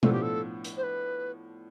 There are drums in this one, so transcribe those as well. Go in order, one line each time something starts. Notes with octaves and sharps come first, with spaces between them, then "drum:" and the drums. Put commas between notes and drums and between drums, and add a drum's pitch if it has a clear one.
A2 F3 B3 D4 F4 A4, drum: tom B2
G4
A4
drum: hi-hat
C5
B4